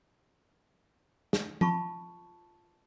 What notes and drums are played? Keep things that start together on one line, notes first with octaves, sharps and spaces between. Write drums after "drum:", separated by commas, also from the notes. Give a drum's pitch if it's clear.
drum: snare
F4 A5 B5 C#6, drum: tom F3